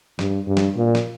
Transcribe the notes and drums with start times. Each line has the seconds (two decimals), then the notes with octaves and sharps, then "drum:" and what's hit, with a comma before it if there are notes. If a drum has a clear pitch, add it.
0.19 G2, drum: snare
0.47 G2
0.57 drum: snare
0.76 A#2
0.95 drum: snare